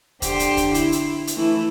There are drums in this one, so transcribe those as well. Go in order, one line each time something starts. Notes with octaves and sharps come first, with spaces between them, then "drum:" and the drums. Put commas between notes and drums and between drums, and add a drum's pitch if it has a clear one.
D3 G4 C5, drum: kick, hi-hat
drum: hi-hat
drum: kick, hi-hat
E4, drum: hi-hat
drum: hi-hat
drum: hi-hat
E3 A3 E4